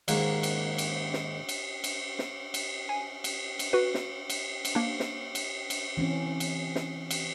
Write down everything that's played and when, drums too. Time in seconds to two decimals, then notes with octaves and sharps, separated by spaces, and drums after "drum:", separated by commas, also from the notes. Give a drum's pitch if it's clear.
0.08 D#2 G#2 A#3 F#5, drum: cymbal
0.43 drum: cymbal
0.78 drum: cymbal
1.13 drum: snare
1.49 drum: cymbal
1.84 drum: cymbal
2.19 drum: snare
2.54 drum: cymbal
2.89 G#5
3.24 drum: cymbal
3.59 drum: cymbal
3.73 F#4 B4
3.94 drum: snare
4.30 drum: cymbal
4.65 drum: cymbal
4.75 A#3 D4
5.00 drum: snare
5.35 drum: cymbal
5.70 drum: cymbal
5.97 E3 C4 C#4
6.40 drum: cymbal
6.75 drum: snare
7.11 drum: cymbal